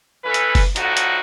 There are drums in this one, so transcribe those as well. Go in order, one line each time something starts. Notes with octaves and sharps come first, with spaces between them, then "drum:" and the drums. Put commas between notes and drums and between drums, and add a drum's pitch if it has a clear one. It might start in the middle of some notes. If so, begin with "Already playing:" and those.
E3 C#4 A4 B4
drum: hi-hat
drum: kick F#1, open hi-hat
A2 D3 F3 D#4 F#4, drum: hi-hat
drum: hi-hat